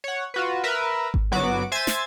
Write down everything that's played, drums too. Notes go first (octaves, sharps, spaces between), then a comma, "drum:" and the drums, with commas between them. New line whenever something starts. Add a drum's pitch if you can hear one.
C#5 F#5
F4 F#4 B4
A#4 B4 E5
drum: kick G#1
G1 F#3 B3 F#4 D6
C5 E5 G#5 G#6 A6
drum: snare